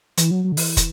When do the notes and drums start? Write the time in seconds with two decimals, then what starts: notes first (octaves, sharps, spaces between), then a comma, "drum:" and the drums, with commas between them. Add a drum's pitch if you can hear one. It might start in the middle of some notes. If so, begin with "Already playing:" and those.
0.17 E3, drum: hi-hat
0.31 F#3
0.44 F#3
0.52 D3
0.57 E3, drum: open hi-hat
0.77 drum: kick, hi-hat